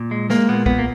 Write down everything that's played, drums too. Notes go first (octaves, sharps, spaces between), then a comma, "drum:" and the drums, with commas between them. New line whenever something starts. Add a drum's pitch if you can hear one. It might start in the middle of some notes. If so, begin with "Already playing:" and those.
Already playing: A#2
G#3
G#3 A#3, drum: snare
A#2 B3
A#2 B3, drum: kick
A#3